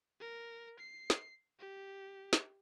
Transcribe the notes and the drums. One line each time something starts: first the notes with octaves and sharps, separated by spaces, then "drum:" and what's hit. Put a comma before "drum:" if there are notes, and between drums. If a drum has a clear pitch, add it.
A#4
C7
drum: snare
G4
drum: snare